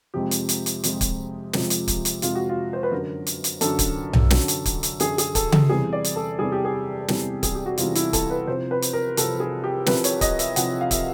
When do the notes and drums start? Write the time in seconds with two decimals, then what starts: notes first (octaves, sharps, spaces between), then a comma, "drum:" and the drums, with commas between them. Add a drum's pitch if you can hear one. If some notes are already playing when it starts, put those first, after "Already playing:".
0.14 F2 C3 F3 G#3 G4
0.31 drum: hi-hat
0.49 drum: hi-hat
0.66 drum: hi-hat
0.84 F2 C3 F3 G#3, drum: hi-hat
1.01 drum: kick, hi-hat
1.53 F2 C3 F3 G#3, drum: snare
1.70 drum: hi-hat
1.88 drum: kick, hi-hat
2.05 drum: hi-hat
2.22 F2 C3 F3 G#3 F4, drum: hi-hat
2.35 F#4
2.49 F4
2.73 C5
2.83 B4
2.91 F#2 D3 F#3 A#4
3.27 drum: hi-hat
3.44 drum: hi-hat
3.61 F#2 D3 F#3 A4, drum: hi-hat
3.79 drum: kick, hi-hat
4.13 drum: tom B1
4.30 F#2 D3 F#3, drum: snare
4.48 drum: hi-hat
4.65 drum: kick, hi-hat
4.83 drum: hi-hat
5.00 F#2 D3 F#3 G#4, drum: hi-hat
5.18 G#4, drum: hi-hat
5.35 A4, drum: kick, hi-hat
5.52 A4, drum: tom C#3
5.70 E2 C3 E3 G3 G#4
5.93 D5
6.04 drum: hi-hat
6.16 A4
6.39 E2 C3 E3 G3 G#4
6.52 G4
6.65 G#4
7.08 E2 C3 E3 G3, drum: snare
7.43 G#4, drum: kick, hi-hat
7.55 G4
7.66 F#4
7.78 E2 C3 E3 G3 F4, drum: hi-hat
7.95 E4, drum: hi-hat
8.13 A4, drum: kick, hi-hat
8.30 B4
8.47 C2 C3 F3 C5
8.71 B4
8.82 drum: hi-hat
8.93 A#4
9.17 C2 C3 F3 A4, drum: hi-hat
9.40 G#4
9.64 G4
9.86 C2 C3 F3 B4, drum: snare
10.04 C#5, drum: hi-hat
10.21 D#5, drum: kick, hi-hat
10.39 E5, drum: hi-hat
10.56 C2 C3 F3 F#5, drum: hi-hat
10.81 F5
10.91 E5, drum: kick, hi-hat